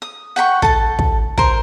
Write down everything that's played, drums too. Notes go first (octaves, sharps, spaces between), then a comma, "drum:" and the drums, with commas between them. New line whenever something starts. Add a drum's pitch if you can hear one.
D#6
F#5 G5 B5 C#6
A4 A5, drum: kick
drum: kick
A#4 C5, drum: kick